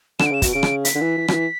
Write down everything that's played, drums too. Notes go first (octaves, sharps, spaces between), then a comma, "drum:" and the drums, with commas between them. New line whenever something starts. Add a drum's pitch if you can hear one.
D3 E7, drum: rim click
D7
C#3 E7
B2, drum: kick, hi-hat
C#3 D7
drum: rim click
B6, drum: hi-hat
D3
E3
E3
F#3, drum: rim click
E3